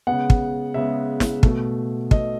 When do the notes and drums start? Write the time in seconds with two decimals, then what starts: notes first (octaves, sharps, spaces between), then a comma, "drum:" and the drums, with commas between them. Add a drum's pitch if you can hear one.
0.07 C#3 G#3 B3 F#5
0.30 drum: kick
0.74 C#3 G#3 B3 E5
1.20 drum: snare
1.43 B2 A3, drum: kick
2.11 B2 A3 D#5, drum: kick